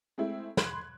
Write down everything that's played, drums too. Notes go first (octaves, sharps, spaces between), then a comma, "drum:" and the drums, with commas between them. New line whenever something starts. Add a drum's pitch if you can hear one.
G#3 A3 C4 E4
B5 C6 F#6 G#6 F#7, drum: snare